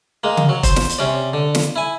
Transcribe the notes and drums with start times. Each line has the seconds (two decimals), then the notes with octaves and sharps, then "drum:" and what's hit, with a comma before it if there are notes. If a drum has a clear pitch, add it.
0.24 G#3 A#3
0.37 drum: tom C#3
0.49 F#3
0.63 C5, drum: kick E1, hi-hat
0.76 drum: snare
0.89 drum: hi-hat
0.99 C3 C#4 D5
1.34 D3
1.55 drum: snare
1.76 E4 G#5